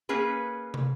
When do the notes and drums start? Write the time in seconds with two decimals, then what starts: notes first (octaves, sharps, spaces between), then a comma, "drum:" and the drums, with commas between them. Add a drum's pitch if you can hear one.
0.09 A#3 C#4 G#4 B4
0.74 drum: tom